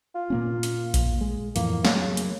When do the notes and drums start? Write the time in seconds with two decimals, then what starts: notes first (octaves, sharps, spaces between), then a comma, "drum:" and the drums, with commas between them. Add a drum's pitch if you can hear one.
0.15 F4
0.30 A#2 A#3 C#4
0.63 drum: hi-hat
0.94 drum: kick A#1, hi-hat
1.21 G#3
1.56 F2 A2 E3 A#3, drum: hi-hat
1.85 C#3 F#3 A3 A#3, drum: snare
2.17 drum: hi-hat